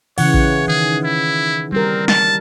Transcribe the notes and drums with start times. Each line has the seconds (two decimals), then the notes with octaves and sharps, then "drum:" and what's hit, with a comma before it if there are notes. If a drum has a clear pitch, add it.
0.18 C#3 E3 C#5 F#5, drum: cymbal
0.34 drum: kick A1
0.68 D#3 G#4
1.04 E4
1.72 G3 C4 A#4
2.08 A5, drum: snare